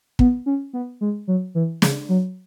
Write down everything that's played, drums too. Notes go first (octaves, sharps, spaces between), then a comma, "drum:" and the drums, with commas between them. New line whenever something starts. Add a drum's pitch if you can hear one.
B3, drum: kick
C#4
B3
G#3
F#3
E3
C#3, drum: snare
F#3